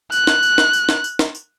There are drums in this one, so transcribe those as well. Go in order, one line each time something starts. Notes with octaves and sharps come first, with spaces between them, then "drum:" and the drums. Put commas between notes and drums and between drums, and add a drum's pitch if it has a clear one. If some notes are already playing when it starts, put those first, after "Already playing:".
F#6, drum: tambourine
drum: snare
drum: tambourine
drum: snare
drum: tambourine
drum: snare
drum: tambourine
drum: snare
drum: tambourine